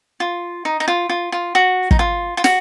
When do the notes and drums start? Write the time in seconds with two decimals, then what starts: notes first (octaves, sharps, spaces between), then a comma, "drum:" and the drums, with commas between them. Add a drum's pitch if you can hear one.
0.20 F4
0.65 D#4
0.80 D#4
0.88 F4
1.09 F4
1.32 F4
1.55 F#4
1.91 D#4, drum: kick
1.99 F4
2.37 F4
2.44 F#4, drum: snare